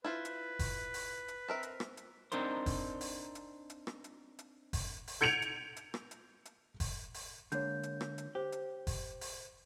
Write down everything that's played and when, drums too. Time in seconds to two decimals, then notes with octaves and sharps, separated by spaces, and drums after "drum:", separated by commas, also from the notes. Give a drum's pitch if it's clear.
0.04 E4 F4 B4 C5
0.25 drum: hi-hat
0.59 drum: kick F#1, open hi-hat
0.94 drum: open hi-hat
1.28 drum: hi-hat
1.48 C4 A#4 E5
1.63 drum: hi-hat
1.80 drum: rim click
1.97 drum: hi-hat
2.32 C4 D4 D#4 A#4 C5, drum: hi-hat
2.66 drum: kick F#1, open hi-hat
3.01 drum: open hi-hat
3.35 drum: hi-hat
3.70 drum: hi-hat
3.87 drum: rim click
4.04 drum: hi-hat
4.39 drum: hi-hat
4.73 drum: kick F#1, open hi-hat
5.08 drum: open hi-hat
5.21 G6 G#6 C#7 D7 F7
5.42 drum: hi-hat
5.76 drum: hi-hat
5.94 drum: rim click
6.11 drum: hi-hat
6.45 drum: hi-hat
6.80 drum: kick F#1, open hi-hat
7.14 drum: open hi-hat
7.52 D3 G#3 A#3 C#5 G6, drum: hi-hat
7.83 drum: hi-hat
8.01 drum: rim click
8.18 drum: hi-hat
8.35 G4 C5
8.52 drum: hi-hat
8.87 drum: kick F#1, open hi-hat
9.21 drum: open hi-hat